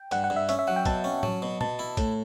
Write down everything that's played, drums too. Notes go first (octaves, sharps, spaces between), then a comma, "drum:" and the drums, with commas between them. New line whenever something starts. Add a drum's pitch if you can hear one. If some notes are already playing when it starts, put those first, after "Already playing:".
Already playing: G5
G2 F#5, drum: hi-hat
F#5
G2
E5
C#4 E5, drum: hi-hat
E5
F#3 F#5
G5
B2 A5, drum: kick A#1, hi-hat
C#4
F#3, drum: tom
B2
B2 A5, drum: tom
E4
A2, drum: kick A#1, hi-hat